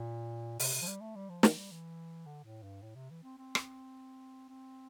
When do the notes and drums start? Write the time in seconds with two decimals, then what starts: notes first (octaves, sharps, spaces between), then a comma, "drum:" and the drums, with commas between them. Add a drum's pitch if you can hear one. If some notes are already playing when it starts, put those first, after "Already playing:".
Already playing: A#2
0.59 C3, drum: open hi-hat
0.74 C3
0.82 F3
0.87 G3
1.01 A3
1.16 G3
1.29 F3
1.43 E3, drum: snare
1.57 G3
1.72 E3
2.26 D3
2.44 A2
2.63 G2
2.83 A2
2.95 C3
3.10 E3
3.23 C4
3.38 C4
3.55 drum: rim click
4.49 C4